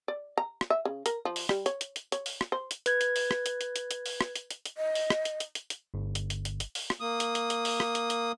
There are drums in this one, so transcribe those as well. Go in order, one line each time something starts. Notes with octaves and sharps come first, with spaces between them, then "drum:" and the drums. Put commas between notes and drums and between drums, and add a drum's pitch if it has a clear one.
D5
A#5
drum: rim click
E5
C#3
A#4, drum: hi-hat
F3
drum: open hi-hat
G3, drum: rim click
C#5, drum: hi-hat
drum: hi-hat
drum: hi-hat
C#5, drum: hi-hat
drum: open hi-hat
drum: rim click
C5
drum: hi-hat
B4 G#6, drum: hi-hat
drum: hi-hat
drum: open hi-hat
drum: rim click
drum: hi-hat
drum: hi-hat
drum: hi-hat
drum: hi-hat
drum: open hi-hat
drum: rim click
drum: hi-hat
drum: hi-hat
drum: hi-hat
D#5
drum: open hi-hat
drum: rim click
drum: hi-hat
drum: hi-hat
drum: hi-hat
drum: hi-hat
G1
drum: hi-hat
drum: hi-hat
drum: hi-hat
drum: hi-hat
drum: open hi-hat
drum: rim click
A#3 D#6
drum: hi-hat
drum: hi-hat
drum: hi-hat
drum: open hi-hat
drum: rim click
drum: hi-hat
drum: hi-hat